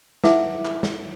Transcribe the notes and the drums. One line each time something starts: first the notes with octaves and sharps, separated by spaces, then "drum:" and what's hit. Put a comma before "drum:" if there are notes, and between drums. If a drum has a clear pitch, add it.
D#4 E4 B4 E5 F#5 D6, drum: snare
drum: clap
drum: snare